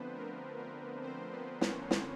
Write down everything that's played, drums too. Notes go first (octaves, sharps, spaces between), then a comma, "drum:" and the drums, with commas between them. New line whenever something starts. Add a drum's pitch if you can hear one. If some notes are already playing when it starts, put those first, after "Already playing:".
Already playing: D3 F3 A3 B3 C4 D4 B4 C5
A#4
A#4
C4 C5
B3 B4
C#4 C#5, drum: snare
drum: snare